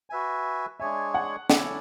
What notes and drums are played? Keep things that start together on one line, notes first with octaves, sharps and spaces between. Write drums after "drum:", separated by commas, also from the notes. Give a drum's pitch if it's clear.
F#4 B4 E5 G#5
G#3 D4 G#4 C#5 E5 G#5
F#5
C#4 E4 A4 D5 F#5 G#5, drum: snare